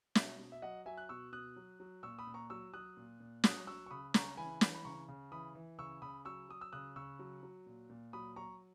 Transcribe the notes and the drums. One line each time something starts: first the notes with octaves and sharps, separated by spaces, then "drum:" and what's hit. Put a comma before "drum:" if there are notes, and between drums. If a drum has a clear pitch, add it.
B2 E5, drum: snare
B2
E5
F#3 D#5 F#5
F#3 E5 G#5
F#6
B2 C#6 E6
B2 D#6 F#6
F#3
F#3
A#2 C#6 E6
B5 D#6
A#2
A#5 C#6
F#3 C#6 E6
F#3 D#6 F#6
A#2
A#2
F#3 D#6 F#6, drum: snare
F#3 C#6 E6
C#6
C#3 B5 D#6
C#3 A#5 C#6, drum: snare
E3 G#5 B5
E3, drum: snare
B5
C#3 A#5 C#6
C#3
E3 B5 D#6
E3
C#3 C#6 E6
C#3 B5 D#6
F#3 C#6 E6
F#3 D#6
E6
C#3 D#6 F#6
C#3 C#6 E6
F#3
F#3
A#2
A#2
F#3 B5 D#6
F#3 A#5 C#6